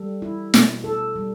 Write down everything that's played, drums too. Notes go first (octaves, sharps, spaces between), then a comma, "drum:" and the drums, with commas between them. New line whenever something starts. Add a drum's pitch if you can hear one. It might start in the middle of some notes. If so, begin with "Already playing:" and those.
Already playing: G3 A4
E4
B2, drum: snare
A4
G3